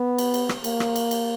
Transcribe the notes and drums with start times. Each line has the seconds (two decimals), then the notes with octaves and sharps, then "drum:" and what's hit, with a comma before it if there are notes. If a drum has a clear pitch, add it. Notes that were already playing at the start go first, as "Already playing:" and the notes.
Already playing: B3
0.18 drum: cymbal
0.34 drum: cymbal
0.49 drum: rim click
0.64 A#3, drum: cymbal
0.80 drum: rim click
0.96 drum: cymbal
1.11 drum: cymbal